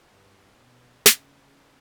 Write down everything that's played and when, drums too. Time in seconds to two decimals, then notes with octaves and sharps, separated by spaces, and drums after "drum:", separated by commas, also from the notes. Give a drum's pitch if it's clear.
0.11 G2
0.59 B2
1.06 C#3, drum: snare